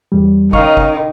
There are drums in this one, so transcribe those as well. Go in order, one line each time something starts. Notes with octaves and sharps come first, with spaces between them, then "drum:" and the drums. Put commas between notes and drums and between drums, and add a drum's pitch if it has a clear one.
E2 G3
D#3 C#4 D#4 F5 C#6, drum: kick
drum: kick